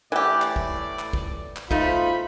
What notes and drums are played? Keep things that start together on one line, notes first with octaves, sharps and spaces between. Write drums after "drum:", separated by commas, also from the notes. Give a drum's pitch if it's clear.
A2 E3 G4 D5
drum: clap
drum: kick
drum: clap
drum: kick
drum: clap
B2 A3 D#4 F4 C5 B5, drum: kick